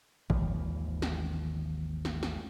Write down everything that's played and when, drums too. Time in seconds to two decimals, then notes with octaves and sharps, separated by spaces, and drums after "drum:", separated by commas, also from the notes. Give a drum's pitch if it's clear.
0.30 G#1 D#2 E3 F3, drum: kick G1
1.02 drum: snare
2.05 drum: snare
2.23 drum: snare